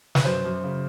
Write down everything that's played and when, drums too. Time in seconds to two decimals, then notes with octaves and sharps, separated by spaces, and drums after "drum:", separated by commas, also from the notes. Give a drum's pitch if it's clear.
0.15 B4, drum: snare
0.25 F#2 C5
0.45 F#2
0.63 C#3